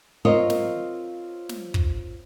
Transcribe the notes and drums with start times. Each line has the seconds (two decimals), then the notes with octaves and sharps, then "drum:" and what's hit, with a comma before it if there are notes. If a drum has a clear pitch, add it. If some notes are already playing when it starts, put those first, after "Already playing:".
0.25 C4 F4 A#4 C#5 D#5
0.50 drum: snare
1.49 drum: snare
1.74 drum: kick